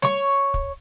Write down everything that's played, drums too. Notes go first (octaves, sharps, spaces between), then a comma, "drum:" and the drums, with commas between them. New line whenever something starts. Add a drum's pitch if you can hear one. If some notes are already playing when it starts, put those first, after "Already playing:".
C#5 C#6, drum: snare G3
drum: kick